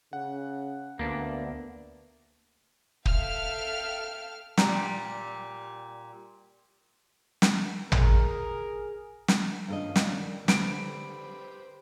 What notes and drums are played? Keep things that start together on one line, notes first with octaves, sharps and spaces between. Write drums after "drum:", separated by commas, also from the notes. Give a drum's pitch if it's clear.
C#3 F#5
D2 A#3 B3 D4
A4 E5 F5 G5 F6, drum: kick
A#2 G3 A#5, drum: snare
drum: snare
G#4 A#4, drum: tom
drum: snare
G2 D#3 F3 C#4 A4 D#5 F5
drum: snare
D#3 G3
D3 G4 B4 C5 D7, drum: snare